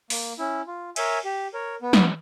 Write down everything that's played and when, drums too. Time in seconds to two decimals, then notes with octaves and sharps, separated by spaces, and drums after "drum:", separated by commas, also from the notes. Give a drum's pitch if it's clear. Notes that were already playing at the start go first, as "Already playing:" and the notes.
0.10 A#3, drum: open hi-hat
0.39 C#4 E4
0.67 F4
0.96 A#4 C#5 E5 G#5, drum: cymbal
1.25 G4
1.53 A#4 C#5
1.82 B3
1.93 drum: snare